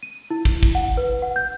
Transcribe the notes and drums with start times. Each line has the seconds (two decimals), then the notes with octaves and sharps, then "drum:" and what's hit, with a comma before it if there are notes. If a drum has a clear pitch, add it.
0.03 D#7
0.30 E4
0.45 drum: kick
0.63 drum: kick
0.75 F#5
0.97 B4
1.22 F#5
1.36 G6